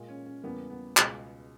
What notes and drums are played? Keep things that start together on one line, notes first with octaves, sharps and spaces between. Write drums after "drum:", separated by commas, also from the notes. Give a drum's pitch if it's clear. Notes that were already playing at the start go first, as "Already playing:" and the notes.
Already playing: A#2 G#3
C#4
C#4
E2 C#3 G3 A#3 B3
B3
C#2 B2 G#3, drum: clap